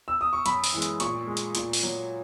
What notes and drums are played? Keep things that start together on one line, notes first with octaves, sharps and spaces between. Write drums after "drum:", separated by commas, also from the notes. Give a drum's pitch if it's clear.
E6
D#6
C#6
F#2 B5, drum: hi-hat
drum: open hi-hat
E3 G#3
drum: hi-hat
A#2 C#6, drum: hi-hat
G#3
drum: hi-hat
A#2, drum: hi-hat
drum: open hi-hat
F#3